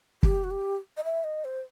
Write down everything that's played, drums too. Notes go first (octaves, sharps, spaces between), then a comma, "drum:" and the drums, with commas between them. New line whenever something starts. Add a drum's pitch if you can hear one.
G4, drum: kick
F#4
G4
D#5
E5
D#5
C5